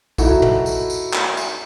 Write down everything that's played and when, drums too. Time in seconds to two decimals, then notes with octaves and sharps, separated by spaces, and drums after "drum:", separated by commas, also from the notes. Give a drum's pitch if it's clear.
0.18 D#4 E4 F#4 A4, drum: kick A#1, tambourine
0.42 drum: tom
0.66 drum: tambourine
0.90 drum: tambourine
1.13 drum: clap
1.37 drum: tambourine